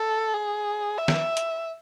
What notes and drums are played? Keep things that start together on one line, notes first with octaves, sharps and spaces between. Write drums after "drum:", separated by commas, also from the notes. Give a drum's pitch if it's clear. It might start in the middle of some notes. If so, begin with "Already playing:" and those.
Already playing: A4
G#4
E5
drum: snare
drum: hi-hat